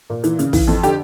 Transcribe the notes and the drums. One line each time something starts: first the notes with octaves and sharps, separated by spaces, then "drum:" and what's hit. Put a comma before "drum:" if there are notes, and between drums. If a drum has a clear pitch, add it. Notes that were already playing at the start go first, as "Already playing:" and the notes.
A#2
E3, drum: hi-hat
C#3, drum: hi-hat
E3, drum: kick, open hi-hat
F2
D3 G4, drum: hi-hat